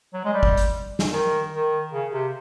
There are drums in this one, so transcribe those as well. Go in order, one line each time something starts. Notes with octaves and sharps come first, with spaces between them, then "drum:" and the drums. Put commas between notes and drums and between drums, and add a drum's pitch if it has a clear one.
F#3
G#3
G3
drum: kick
drum: hi-hat
drum: snare
D#3
D#3
C#3
C3